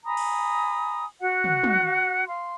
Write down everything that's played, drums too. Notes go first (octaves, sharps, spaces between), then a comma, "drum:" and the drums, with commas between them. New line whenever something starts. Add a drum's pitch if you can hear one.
G#5 A#5 B5 D#6
drum: cymbal
F#4 F#5
drum: tom
drum: tom
F5 C6